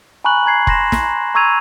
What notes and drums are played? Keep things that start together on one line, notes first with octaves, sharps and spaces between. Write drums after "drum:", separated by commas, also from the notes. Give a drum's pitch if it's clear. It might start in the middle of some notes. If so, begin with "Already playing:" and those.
G#5 A#5 B5 C#6 F#6 F#7
A#5 G#6 C7
C6 A#6 E7, drum: kick F1
drum: snare
A#5
A#5 C#6 E6 G#6 D#7 F7